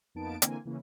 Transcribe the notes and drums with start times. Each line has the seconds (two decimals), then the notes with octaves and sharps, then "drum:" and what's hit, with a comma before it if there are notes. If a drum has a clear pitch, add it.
0.15 F2 A#3 B3 D#4 A5 D7
0.42 D3 E3 A#3 C4 G#5, drum: hi-hat
0.65 C#3 E3 A#3 C#4